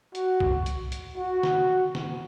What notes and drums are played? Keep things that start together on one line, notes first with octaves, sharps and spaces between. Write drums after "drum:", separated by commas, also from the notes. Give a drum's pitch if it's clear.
F#4, drum: hi-hat
drum: kick
drum: hi-hat
drum: hi-hat
F#4
drum: snare
drum: snare